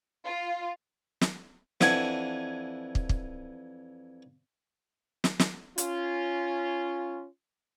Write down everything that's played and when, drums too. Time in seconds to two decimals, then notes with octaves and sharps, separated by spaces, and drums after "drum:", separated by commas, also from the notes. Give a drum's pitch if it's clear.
0.24 F4
1.21 drum: snare
1.81 F2 E3 D4 F#5 G#5, drum: snare
2.95 drum: kick
3.09 drum: kick
5.24 drum: snare
5.39 drum: snare
5.78 C#4 F4, drum: hi-hat